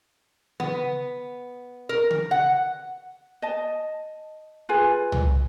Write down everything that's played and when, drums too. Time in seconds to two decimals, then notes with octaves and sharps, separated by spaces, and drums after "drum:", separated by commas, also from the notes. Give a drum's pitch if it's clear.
0.60 B3, drum: tom C#3
1.89 A#4
2.11 drum: tom C#3
2.31 F#5
3.42 D#5 A5
4.69 F4 G#4 B4 G#5
5.12 drum: tom C2